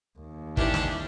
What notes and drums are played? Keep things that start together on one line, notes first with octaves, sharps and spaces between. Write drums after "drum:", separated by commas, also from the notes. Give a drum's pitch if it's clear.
D#2
D#3 C#4 D4 E4 G4 C5, drum: kick
drum: snare